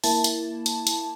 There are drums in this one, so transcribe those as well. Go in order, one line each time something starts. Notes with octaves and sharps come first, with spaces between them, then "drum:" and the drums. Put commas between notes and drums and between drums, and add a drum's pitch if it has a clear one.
A#3 E4 A5, drum: open hi-hat
drum: hi-hat
drum: hi-hat
drum: hi-hat